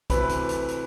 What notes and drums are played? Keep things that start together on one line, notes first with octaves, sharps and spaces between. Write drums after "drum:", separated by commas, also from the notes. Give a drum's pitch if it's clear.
D2 C3 E3 A3 B4 B5, drum: kick, hi-hat
drum: hi-hat
drum: hi-hat
drum: hi-hat